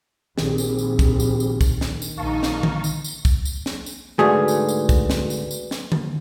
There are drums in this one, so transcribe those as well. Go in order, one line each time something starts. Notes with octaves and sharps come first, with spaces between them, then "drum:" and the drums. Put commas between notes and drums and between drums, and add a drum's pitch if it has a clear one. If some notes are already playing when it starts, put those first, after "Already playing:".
A#1 D#3 C4 G4 G#4, drum: snare
drum: tambourine
drum: tambourine
drum: kick, tambourine
drum: tambourine
drum: tambourine
drum: kick, tambourine
drum: snare
drum: tambourine
A#1 D#4 F5 A5 C#6
drum: snare
drum: tom D3
drum: tambourine
drum: tambourine
drum: kick, tambourine
drum: tambourine
drum: snare
drum: tambourine
D2 G#2 A3 F#4 G#4 B4 D5
drum: tambourine
drum: tambourine
drum: kick, tambourine
drum: snare
drum: tambourine
drum: tambourine
drum: snare
drum: tom D3